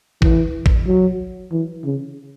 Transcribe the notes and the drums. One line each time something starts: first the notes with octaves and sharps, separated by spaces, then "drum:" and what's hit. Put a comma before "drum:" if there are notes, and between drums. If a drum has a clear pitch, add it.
E3, drum: kick
drum: kick
F#3
E3
C#3